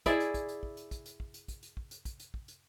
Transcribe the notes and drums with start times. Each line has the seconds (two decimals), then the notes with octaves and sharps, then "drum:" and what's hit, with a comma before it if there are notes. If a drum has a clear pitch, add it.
0.06 E4 G#4 D5 E5, drum: kick, hi-hat
0.20 drum: hi-hat
0.34 drum: kick, hi-hat
0.49 drum: hi-hat
0.63 drum: kick
0.77 drum: hi-hat
0.91 drum: kick, hi-hat
1.06 drum: hi-hat
1.20 drum: kick
1.34 drum: hi-hat
1.48 drum: kick, hi-hat
1.63 drum: hi-hat
1.77 drum: kick
1.91 drum: hi-hat
2.05 drum: kick, hi-hat
2.20 drum: hi-hat
2.34 drum: kick
2.48 drum: hi-hat